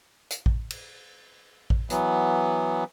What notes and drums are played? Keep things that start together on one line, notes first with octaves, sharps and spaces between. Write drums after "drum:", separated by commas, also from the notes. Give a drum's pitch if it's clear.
drum: hi-hat
drum: kick A1
drum: cymbal
drum: kick A1
E3 F#3 B3, drum: hi-hat